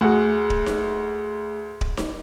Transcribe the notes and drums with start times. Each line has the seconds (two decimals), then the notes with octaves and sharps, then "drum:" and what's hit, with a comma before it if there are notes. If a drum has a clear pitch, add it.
0.01 D2 A3 F#4 G#4 F#5
0.50 drum: kick D1
0.66 drum: snare D#4
1.81 drum: kick D1
1.97 drum: snare D#4